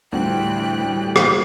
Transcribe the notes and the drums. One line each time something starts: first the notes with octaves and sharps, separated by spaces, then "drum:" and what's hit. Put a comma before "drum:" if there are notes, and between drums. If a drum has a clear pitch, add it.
D2 A2 E3 G3 D4 F4 G5 F#6
G3 A3 D4
drum: rim click